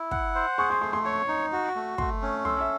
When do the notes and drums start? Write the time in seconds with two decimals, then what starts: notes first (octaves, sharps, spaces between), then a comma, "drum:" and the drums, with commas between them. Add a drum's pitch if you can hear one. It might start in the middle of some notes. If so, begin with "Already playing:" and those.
Already playing: E4
0.11 F#5, drum: kick
0.35 C5
0.58 G#4 C#6
0.70 C6
0.81 A3 C6
0.93 C6
1.05 C#5 C#6
1.28 D#4
1.52 F#4
1.75 A3
1.98 A3 C6, drum: kick
2.22 C#4
2.45 A4 C6, drum: tom
2.61 E5